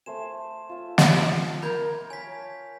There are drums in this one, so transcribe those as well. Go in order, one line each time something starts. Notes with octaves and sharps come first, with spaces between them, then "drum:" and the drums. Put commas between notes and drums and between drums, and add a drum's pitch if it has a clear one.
A3 C5 G#5 E7
F4 E5
drum: snare
A#4 B5 G6 G#6
C#5 G#5 A5 B6